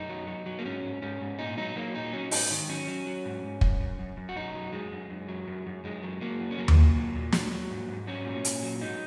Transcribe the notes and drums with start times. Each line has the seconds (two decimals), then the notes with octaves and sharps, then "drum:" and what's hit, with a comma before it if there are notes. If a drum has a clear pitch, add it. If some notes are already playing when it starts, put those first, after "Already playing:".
Already playing: F#2 D#4
0.09 F#3
0.27 F#3
0.46 F#3
0.59 A#3
0.65 G#2 C#4
0.84 G#2
1.02 G#2 C#4
1.21 G#2
1.39 A#2 D#4
1.58 F#3 D#4
1.76 F#3 A#3
1.94 A#2 D#4
2.13 F#3 C#4
2.31 G#2 D#4, drum: open hi-hat
2.51 D#3
2.68 F#3 C#4
2.87 F#3
3.06 F#3
3.25 G#2
3.43 G#2
3.61 F#2, drum: kick
3.80 F#2
3.99 F#2
4.17 F#2
4.29 F#4
4.36 F#2 D#4
4.55 F#3
4.73 F#2 G#3
4.92 F#2
5.10 F#2
5.28 F#3
5.48 F#2
5.67 F#2
5.84 F#2 G#3
6.03 F#3
6.21 F#3 A#3
6.40 F#2
6.51 C#4
6.58 F#3 A#3
6.68 drum: tom D#2
6.77 A#2
6.96 F#3
7.15 A#2
7.32 F#3, drum: snare
7.52 F#3
7.70 G#2
7.88 G#2
8.07 F#3 C#4
8.25 A#2
8.45 A#2, drum: hi-hat
8.63 F#3
8.81 G#2 D#4